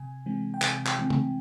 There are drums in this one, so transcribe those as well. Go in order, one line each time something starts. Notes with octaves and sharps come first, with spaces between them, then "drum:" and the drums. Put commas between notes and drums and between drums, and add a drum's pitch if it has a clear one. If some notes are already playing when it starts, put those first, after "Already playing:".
Already playing: C3 G#5
E3 G#3 C4
G5
C3 G#5, drum: clap
drum: clap
E3 G#3 C4
drum: tom C#3